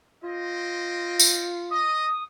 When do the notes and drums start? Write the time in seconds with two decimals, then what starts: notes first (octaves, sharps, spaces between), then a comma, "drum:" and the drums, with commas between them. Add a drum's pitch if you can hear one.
0.24 C4 F4 D#5
1.20 drum: tambourine
1.70 D#5 D#6